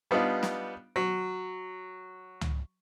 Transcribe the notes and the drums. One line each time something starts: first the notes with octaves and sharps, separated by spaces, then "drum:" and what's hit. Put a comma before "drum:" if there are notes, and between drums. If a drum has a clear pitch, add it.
G3 B3 D4 D#4 F4
drum: snare
F#3
drum: tom